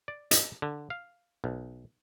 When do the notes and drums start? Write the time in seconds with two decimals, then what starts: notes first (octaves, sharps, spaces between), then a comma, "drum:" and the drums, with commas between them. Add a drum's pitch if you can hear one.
0.08 D5
0.31 D#5, drum: hi-hat
0.62 D3
0.90 F5
1.44 B1